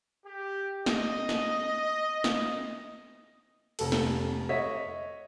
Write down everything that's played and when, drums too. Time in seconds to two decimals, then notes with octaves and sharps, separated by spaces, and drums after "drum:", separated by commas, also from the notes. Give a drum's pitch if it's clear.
0.24 G4
0.86 D#5, drum: snare
1.29 drum: snare
2.24 drum: snare
3.79 F1 A4, drum: cymbal
3.92 drum: snare
4.49 C#5 D#5 E5 B6